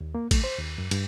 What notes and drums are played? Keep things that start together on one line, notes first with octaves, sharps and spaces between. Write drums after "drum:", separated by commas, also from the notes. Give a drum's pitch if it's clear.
D#2
A#3
A3, drum: kick A1, cymbal
C5
D#2
F#2
G2, drum: cymbal